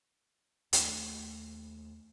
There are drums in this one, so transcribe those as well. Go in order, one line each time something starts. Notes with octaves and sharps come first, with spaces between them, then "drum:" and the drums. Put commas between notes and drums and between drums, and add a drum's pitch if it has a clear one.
D#2 A3, drum: hi-hat